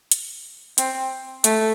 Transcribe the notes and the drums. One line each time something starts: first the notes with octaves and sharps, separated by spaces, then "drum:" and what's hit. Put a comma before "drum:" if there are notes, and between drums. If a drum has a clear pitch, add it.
drum: hi-hat
C4, drum: hi-hat
A3, drum: hi-hat